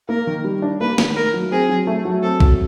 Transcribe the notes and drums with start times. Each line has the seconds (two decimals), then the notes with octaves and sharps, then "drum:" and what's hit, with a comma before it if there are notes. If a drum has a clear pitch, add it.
0.09 A#3 A#4
0.27 D#3
0.44 G3
0.62 D4
0.80 A#3 B4
0.98 D#3, drum: snare
1.16 A3 A#4
1.34 F#3
1.52 C4 G#4
1.69 F#3
1.87 A3
2.05 F#3
2.22 C4 A4
2.40 F#3, drum: kick B1